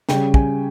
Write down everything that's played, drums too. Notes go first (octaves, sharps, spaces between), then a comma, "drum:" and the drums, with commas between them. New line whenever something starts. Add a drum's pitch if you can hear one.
C#3 G3 G5, drum: snare
G#5, drum: kick